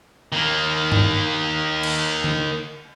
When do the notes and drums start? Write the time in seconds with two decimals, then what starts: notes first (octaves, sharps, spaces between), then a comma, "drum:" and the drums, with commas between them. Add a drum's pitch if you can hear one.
0.32 D#3 A#3
0.92 drum: tom G2
1.83 drum: cymbal
2.24 drum: tom D3